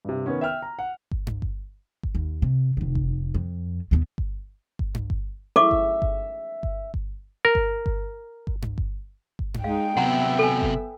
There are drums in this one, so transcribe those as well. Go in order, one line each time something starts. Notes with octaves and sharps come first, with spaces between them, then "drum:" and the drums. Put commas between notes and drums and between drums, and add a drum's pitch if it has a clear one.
G2 C3
D#3 B3 C#4
E5 G5 F6
A#5
F#5
drum: kick G1
drum: tom G2
drum: kick G1
drum: kick G1
D#2
C3
F1 D#3
drum: kick G1
F2
D#2 B3
drum: kick G1
drum: kick G1
drum: tom G2
drum: kick G1
A4 E5 C#6 D6
drum: kick G1
drum: kick G1
drum: kick G1
drum: kick G1
A#4
drum: kick G1
drum: kick G1
drum: kick G1
drum: tom G2
drum: kick G1
drum: kick G1
drum: tom G2
G#3 D#4 F5 G5
C3 F#3 B3 E5 F#5 A#5
A4 G#5
drum: kick G1